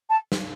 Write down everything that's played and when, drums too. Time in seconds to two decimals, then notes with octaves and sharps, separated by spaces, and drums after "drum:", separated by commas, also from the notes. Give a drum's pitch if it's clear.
0.10 A5
0.32 drum: snare